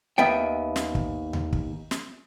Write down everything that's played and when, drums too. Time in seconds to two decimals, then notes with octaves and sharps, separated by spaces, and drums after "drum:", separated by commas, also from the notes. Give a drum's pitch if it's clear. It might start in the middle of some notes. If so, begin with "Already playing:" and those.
0.18 D#2 B3 E5 G5
0.76 drum: snare
0.95 drum: kick
1.33 drum: tom D#2
1.53 drum: kick
1.91 drum: snare